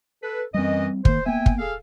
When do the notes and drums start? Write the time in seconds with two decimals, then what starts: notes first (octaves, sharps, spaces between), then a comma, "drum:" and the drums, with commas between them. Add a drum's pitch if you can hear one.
0.23 A4 B4
0.54 F#2 E3 G3 C4 D#5
1.05 D#3 A#3 C5, drum: kick
1.26 A#3 B3 E5 G5 G#5
1.46 drum: kick
1.59 G#4 A4 F5